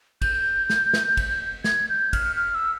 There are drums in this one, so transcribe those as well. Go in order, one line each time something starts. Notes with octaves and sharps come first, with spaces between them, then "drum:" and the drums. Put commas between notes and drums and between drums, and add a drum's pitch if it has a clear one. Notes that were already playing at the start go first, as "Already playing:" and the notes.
G6, drum: kick, cymbal
drum: snare
drum: snare
drum: kick, cymbal
G#6, drum: snare
G6
F6, drum: kick, cymbal
F6
E6